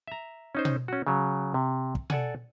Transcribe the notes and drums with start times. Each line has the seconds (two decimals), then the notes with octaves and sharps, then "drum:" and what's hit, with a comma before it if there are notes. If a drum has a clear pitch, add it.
0.07 E5 A#5
0.55 C#4 D#4 C5
0.65 drum: tom B2
0.88 C#4 F#4
1.07 C#3 F#3
1.54 C3
1.95 drum: kick
2.10 A4 D5 F#5 G#5, drum: tom B2